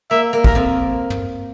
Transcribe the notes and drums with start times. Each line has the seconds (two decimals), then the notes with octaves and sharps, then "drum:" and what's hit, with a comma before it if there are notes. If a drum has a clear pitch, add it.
0.11 A#3 E5
0.33 A#3
0.44 A#4, drum: kick
0.55 F2
1.10 drum: tom